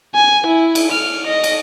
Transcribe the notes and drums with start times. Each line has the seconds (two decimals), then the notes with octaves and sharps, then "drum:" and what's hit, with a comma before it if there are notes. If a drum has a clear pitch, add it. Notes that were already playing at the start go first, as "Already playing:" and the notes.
0.15 G#5
0.47 E4
0.75 drum: cymbal
0.91 F6
1.27 D#5
1.44 drum: cymbal